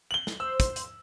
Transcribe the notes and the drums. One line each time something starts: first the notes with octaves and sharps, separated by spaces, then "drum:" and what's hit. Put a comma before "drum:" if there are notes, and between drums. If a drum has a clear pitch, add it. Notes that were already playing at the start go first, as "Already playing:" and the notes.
F#7 G7
drum: snare
C5 E6
drum: kick, hi-hat
drum: hi-hat